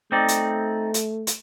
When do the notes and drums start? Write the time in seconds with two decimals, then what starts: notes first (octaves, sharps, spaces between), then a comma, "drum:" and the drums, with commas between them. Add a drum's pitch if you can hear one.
0.12 A3 C4 D#4 D5
0.28 drum: hi-hat
0.94 drum: hi-hat
1.27 drum: hi-hat